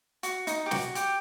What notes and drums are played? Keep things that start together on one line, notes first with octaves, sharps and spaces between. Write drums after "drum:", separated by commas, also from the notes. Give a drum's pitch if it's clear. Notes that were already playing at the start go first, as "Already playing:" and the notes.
F#4, drum: hi-hat
D#4, drum: hi-hat
G4
F#4, drum: snare
G4, drum: hi-hat